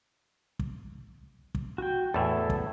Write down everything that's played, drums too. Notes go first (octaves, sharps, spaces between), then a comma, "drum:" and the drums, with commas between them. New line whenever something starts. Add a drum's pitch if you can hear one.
drum: kick
drum: kick
F#4 G5
E2 A2 A4 E5 G#5
drum: kick